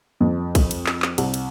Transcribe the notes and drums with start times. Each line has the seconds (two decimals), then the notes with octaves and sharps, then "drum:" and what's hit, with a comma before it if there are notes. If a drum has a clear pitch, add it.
0.20 F2
0.55 drum: kick, cymbal
0.71 drum: cymbal
0.87 drum: clap
1.02 drum: clap
1.18 C2, drum: cymbal
1.34 drum: cymbal